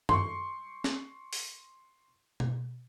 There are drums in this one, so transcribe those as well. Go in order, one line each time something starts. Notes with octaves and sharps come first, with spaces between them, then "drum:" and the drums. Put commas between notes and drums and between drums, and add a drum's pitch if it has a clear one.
C6 C#6, drum: tom F#2
drum: snare
drum: open hi-hat
drum: tom B2